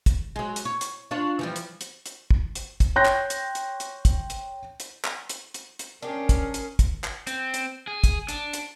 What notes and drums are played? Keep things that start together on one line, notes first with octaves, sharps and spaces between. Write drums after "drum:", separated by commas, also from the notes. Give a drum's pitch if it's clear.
drum: kick, hi-hat
F#3 G#3
drum: hi-hat
C#5
drum: hi-hat
D4 F4 C#5
E3 F3 G3
drum: hi-hat
drum: hi-hat
drum: hi-hat
drum: kick
drum: hi-hat
drum: kick, hi-hat
C#5 G5 C6 F#6 G6 A#6
drum: clap
drum: hi-hat
drum: hi-hat
drum: hi-hat
drum: kick, hi-hat
drum: hi-hat
drum: hi-hat
drum: clap
drum: hi-hat
drum: hi-hat
drum: hi-hat
C#4 D4 G4 G#4 A#4
drum: kick, hi-hat
drum: hi-hat
drum: kick, hi-hat
drum: clap
C4, drum: hi-hat
drum: hi-hat
G#4
drum: kick, hi-hat
D4, drum: hi-hat
drum: hi-hat